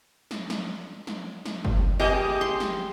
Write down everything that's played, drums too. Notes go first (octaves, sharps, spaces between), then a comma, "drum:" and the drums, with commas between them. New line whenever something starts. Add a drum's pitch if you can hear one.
drum: snare
drum: snare
drum: snare
drum: snare
drum: kick F#1
A3 G4 G#4 D#5
C6
drum: snare